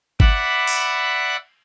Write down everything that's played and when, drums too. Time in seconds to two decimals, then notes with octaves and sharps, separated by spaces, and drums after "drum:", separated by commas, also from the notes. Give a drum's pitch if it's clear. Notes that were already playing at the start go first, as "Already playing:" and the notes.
0.20 D5 E5 F#5 B5, drum: kick G1
0.67 drum: cymbal